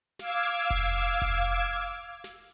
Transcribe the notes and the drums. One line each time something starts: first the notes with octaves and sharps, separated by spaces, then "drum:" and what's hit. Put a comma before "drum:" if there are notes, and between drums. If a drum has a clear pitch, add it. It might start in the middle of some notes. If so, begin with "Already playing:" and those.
F5 D6 E6 G#6, drum: snare
drum: kick F1
drum: kick F1
drum: snare